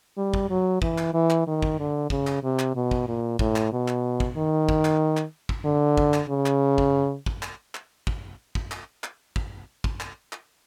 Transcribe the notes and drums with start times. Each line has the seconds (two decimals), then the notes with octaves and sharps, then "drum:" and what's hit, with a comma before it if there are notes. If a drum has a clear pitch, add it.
0.17 G3
0.34 drum: kick
0.50 F#3
0.82 E3, drum: kick
0.98 drum: clap
1.14 E3
1.30 drum: clap
1.47 D#3
1.62 drum: kick
1.79 D3
2.10 C#3, drum: kick
2.27 drum: clap
2.43 C3
2.59 drum: clap
2.75 B2
2.91 drum: kick
3.07 A#2
3.39 A2, drum: kick
3.56 drum: clap
3.72 B2
3.88 drum: clap
4.20 drum: kick
4.37 D#3
4.69 drum: kick
4.85 drum: clap
5.17 drum: clap
5.49 drum: kick
5.65 D3
5.97 drum: kick
6.14 drum: clap
6.29 C#3
6.46 drum: clap
6.78 drum: kick
7.26 drum: kick
7.43 drum: clap
7.75 drum: clap
8.07 drum: kick
8.55 drum: kick
8.71 drum: clap
9.04 drum: clap
9.36 drum: kick
9.84 drum: kick
10.00 drum: clap
10.33 drum: clap